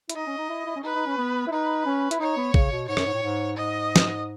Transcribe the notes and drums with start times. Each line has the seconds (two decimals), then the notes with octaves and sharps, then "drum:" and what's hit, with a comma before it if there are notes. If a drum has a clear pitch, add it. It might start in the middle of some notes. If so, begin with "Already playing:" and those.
0.09 E4, drum: hi-hat
0.16 D#4 D#5
0.27 C#4
0.38 D#4
0.50 E4
0.67 E4
0.76 C#4
0.83 D#4 B4
0.95 D#4
1.06 C#4
1.18 B3
1.47 E4
1.52 D#4 B4
1.86 C#4
2.11 E4, drum: hi-hat
2.20 D#4 C#5
2.37 B3
2.54 C#3, drum: kick
2.72 B2
2.88 G#2 C#5
2.97 F#2, drum: rim click
3.06 G#2
3.14 A2
3.23 G#2
3.57 G#2 D#5
3.96 drum: snare